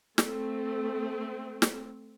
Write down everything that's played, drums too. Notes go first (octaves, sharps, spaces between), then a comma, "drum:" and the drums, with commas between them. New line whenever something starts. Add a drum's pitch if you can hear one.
A3 C4, drum: snare
drum: snare